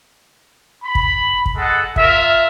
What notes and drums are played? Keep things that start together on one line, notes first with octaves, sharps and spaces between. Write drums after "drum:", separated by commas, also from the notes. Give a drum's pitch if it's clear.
B5
drum: kick
drum: kick
G#3 A4 D#5 F#5
F4 A#4 E5, drum: kick